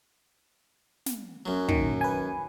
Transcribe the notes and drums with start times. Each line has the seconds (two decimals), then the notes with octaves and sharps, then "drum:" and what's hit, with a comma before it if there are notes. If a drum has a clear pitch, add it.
1.06 drum: snare
1.46 F#2 F#3
1.69 A#2 D#3, drum: kick
2.01 B4 G#5